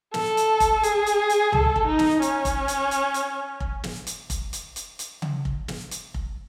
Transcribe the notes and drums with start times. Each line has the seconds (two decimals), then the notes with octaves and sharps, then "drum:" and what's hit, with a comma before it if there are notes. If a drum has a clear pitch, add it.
0.14 A4, drum: snare
0.37 drum: hi-hat
0.60 drum: kick F1, hi-hat
0.83 G#4, drum: hi-hat
1.06 drum: hi-hat
1.30 drum: hi-hat
1.52 A4, drum: tom C#2
1.76 drum: kick F1
1.87 D#4
1.99 drum: snare
2.22 C#4, drum: hi-hat
2.45 drum: kick F1, hi-hat
2.68 drum: hi-hat
2.91 drum: hi-hat
3.14 drum: hi-hat
3.60 drum: kick F1
3.84 drum: snare
4.07 drum: hi-hat
4.30 drum: kick F1, hi-hat
4.53 drum: hi-hat
4.76 drum: hi-hat
4.99 drum: hi-hat
5.22 drum: tom C#3
5.45 drum: kick F1
5.68 drum: snare
5.91 drum: hi-hat
6.14 drum: kick F1